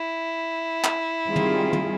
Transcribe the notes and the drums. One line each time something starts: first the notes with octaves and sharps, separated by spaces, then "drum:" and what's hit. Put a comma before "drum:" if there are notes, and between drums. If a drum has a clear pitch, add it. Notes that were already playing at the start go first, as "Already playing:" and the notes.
Already playing: E4
drum: clap
D#3 G3 C4 F4 G#4
drum: tom
drum: tom